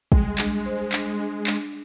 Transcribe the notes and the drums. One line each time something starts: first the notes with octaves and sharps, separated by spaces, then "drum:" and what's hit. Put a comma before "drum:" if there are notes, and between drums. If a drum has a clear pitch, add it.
G3 G#3, drum: kick
D4, drum: clap
C5
D4, drum: clap
D4
D4, drum: clap